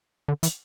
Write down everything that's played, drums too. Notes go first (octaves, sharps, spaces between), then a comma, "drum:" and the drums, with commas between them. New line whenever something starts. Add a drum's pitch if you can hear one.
D3
E3, drum: hi-hat